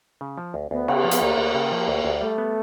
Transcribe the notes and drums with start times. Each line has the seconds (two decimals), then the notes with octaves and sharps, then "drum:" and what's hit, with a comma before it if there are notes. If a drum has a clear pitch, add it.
0.21 C#3
0.38 F3
0.54 D2
0.71 D2 B3
0.88 C#3, drum: cymbal
1.04 F3
1.11 B3, drum: hi-hat
1.21 D2 A#3
1.38 D2
1.54 C#3
1.72 F3
1.88 D2
2.05 D2
2.21 G3 A3
2.38 B3